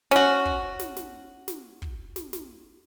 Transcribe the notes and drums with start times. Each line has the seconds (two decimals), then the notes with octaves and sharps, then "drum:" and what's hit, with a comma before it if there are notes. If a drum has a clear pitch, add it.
0.11 C#4 F#4, drum: snare
0.45 drum: kick
0.80 drum: snare
0.97 drum: snare
1.48 drum: snare
1.82 drum: kick
2.16 drum: snare
2.33 drum: snare